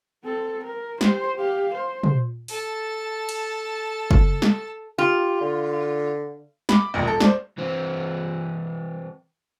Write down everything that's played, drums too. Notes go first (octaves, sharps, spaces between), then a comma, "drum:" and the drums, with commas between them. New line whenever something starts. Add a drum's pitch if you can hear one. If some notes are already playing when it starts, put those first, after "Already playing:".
C4 A4
A#4
G4 C5, drum: snare
G4 F5
C5
drum: tom
A4 A5, drum: open hi-hat
drum: cymbal
drum: kick F#1
drum: snare
F4 G4
D3
B5 D6, drum: snare
E1 A#1 D#2
A4
C5 D5, drum: snare
E3 C4